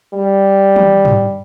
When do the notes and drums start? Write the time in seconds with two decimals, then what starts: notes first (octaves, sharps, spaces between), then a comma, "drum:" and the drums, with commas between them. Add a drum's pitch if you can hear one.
0.14 G3
0.76 drum: tom D#3
1.05 drum: tom